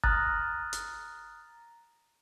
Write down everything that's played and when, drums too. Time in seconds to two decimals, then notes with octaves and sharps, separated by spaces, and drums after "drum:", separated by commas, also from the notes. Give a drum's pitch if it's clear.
0.04 A#5 D#6 F6 F#6 A6 A#6, drum: kick F#1
0.73 drum: hi-hat